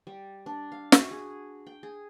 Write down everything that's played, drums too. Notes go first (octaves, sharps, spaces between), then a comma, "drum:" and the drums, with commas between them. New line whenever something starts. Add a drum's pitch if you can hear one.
G3
D4
F5
F#4, drum: snare
G#4
G5
G#4